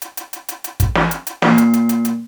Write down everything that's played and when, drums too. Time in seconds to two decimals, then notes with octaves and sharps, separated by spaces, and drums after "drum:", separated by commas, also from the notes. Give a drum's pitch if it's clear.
0.02 drum: hi-hat
0.17 drum: hi-hat
0.33 drum: hi-hat
0.49 drum: hi-hat
0.64 drum: hi-hat
0.80 drum: kick, hi-hat
0.95 drum: snare
1.11 drum: hi-hat
1.27 drum: hi-hat
1.42 A#2, drum: snare
1.58 drum: hi-hat
1.73 drum: hi-hat
1.89 drum: hi-hat
2.05 drum: hi-hat